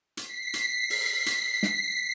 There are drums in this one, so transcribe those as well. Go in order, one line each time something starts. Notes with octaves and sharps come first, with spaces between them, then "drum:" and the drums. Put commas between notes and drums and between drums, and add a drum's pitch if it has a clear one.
B6 C7, drum: hi-hat
drum: hi-hat
drum: open hi-hat
drum: hi-hat
drum: snare